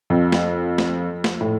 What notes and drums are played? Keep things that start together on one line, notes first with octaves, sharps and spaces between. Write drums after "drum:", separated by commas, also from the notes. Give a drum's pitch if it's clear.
F2
drum: snare
drum: snare
drum: snare
A2